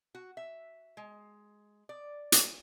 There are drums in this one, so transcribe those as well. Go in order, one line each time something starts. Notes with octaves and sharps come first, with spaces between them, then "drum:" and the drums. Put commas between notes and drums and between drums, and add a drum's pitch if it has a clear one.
F#4
E5
G#3
D5
drum: hi-hat